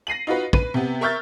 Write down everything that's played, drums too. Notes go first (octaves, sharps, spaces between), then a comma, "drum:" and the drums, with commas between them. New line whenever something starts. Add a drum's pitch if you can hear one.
A#6 C7 D#7 F#7
D#4 F4 F#4 B4
B4 D#7, drum: kick
C3 B3
A#4 E5 C#6 F6 G6 A6